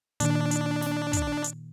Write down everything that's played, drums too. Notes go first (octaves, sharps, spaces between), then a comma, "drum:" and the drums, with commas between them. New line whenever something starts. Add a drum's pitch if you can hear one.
A#2 D#3 D4, drum: hi-hat
drum: hi-hat
drum: snare
drum: kick, hi-hat
drum: hi-hat